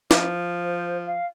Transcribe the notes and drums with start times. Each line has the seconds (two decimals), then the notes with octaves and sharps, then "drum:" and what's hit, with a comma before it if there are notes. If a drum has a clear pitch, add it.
0.11 F3, drum: snare
0.65 C5
1.06 F5